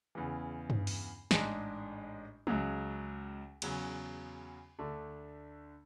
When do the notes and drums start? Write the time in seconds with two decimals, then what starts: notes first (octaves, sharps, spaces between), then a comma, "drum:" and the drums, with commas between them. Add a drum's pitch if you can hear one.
0.15 E2 C#3 E3
0.70 drum: tom G2
0.87 drum: open hi-hat
1.31 A1 G#2 G#3 D4, drum: snare
2.47 C#2 C#3 F#3, drum: tom G#3
3.62 E2 C#3 F#3, drum: cymbal
4.79 D2 D3 A3 D4